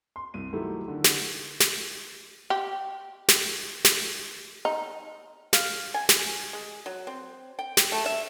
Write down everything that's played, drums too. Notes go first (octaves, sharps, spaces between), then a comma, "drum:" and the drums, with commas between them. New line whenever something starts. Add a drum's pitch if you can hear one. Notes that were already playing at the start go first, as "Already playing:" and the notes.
C6
C2 D#7
D#3 F#3 A3 E4 G4 A4
D3 D#3
drum: snare
drum: snare
G4
drum: snare
drum: snare
D#4
F5, drum: snare
G#5
drum: snare
G#3
F#3
C4
G5
drum: snare
A3
E5